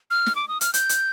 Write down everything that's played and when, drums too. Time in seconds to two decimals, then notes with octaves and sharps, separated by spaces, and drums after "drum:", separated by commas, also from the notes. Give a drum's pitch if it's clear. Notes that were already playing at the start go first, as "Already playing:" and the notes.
0.11 F6
0.26 drum: snare
0.36 D6
0.48 D#6
0.61 F6, drum: hi-hat
0.74 G6, drum: hi-hat
0.89 drum: hi-hat